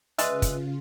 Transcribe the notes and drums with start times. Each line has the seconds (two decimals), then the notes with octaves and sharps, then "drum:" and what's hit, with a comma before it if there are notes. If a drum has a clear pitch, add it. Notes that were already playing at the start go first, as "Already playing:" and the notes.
0.18 C#3 G#3 F4 B4 D5 E5, drum: hi-hat
0.42 drum: kick, hi-hat